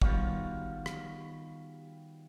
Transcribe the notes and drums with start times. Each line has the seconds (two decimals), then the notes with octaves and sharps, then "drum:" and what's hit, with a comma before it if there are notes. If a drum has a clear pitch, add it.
0.02 D#3 G3 B3 F4 F#4 C#5, drum: kick
0.86 drum: rim click